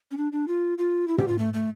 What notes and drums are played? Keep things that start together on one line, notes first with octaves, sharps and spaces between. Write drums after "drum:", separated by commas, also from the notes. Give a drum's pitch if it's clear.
C#4
D4
D4
F4
F4
E4
G4, drum: tom
F4
A3
A3